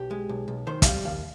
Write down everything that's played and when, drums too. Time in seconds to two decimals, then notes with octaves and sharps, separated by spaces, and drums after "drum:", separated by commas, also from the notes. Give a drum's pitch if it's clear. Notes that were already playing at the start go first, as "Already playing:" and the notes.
Already playing: B1 G4
0.11 G#3
0.29 B1
0.48 B1
0.67 D#3 C5
0.82 E5, drum: kick, hi-hat
0.86 G3 F5
1.05 D#2 F5